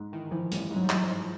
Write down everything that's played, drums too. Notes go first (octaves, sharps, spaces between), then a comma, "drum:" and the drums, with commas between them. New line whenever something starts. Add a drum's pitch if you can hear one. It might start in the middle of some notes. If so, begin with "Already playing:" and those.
Already playing: G#2
D#3 E3
E3 F3
A1 G3, drum: hi-hat
G#2
F#3
G3
E3 F#3, drum: clap
F3
G#2